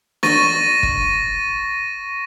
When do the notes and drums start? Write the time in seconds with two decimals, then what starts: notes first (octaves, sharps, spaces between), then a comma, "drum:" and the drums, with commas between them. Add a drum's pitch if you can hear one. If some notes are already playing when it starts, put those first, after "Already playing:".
0.23 C#6 A6 A#6 D#7, drum: snare
0.83 drum: kick